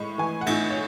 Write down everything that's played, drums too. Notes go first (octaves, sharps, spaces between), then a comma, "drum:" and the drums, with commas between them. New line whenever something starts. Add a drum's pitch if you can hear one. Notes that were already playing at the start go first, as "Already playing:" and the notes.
Already playing: A2 G#3 B5 C#6
E3 G#5
F#5
A2 E5, drum: cymbal
C#5